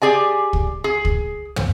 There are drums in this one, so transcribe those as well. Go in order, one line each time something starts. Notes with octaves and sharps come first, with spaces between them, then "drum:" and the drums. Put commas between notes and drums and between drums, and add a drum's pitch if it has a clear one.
G4 G#4 D5 G#5
drum: kick
G#4
drum: kick
drum: tom